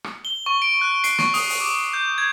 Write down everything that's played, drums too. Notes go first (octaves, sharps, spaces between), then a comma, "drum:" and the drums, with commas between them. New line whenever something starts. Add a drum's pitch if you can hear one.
drum: rim click
G7
C#6
D7
F#6
C7, drum: hi-hat
C#6, drum: snare
D#6, drum: open hi-hat
drum: open hi-hat
D6
G6
G#6